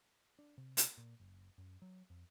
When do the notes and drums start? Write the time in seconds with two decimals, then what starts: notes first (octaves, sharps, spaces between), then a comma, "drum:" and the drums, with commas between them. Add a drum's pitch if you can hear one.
0.39 D4
0.58 C3
0.77 drum: hi-hat
0.98 A#2
1.20 F#1
1.58 F#2
1.82 F#3
2.10 F2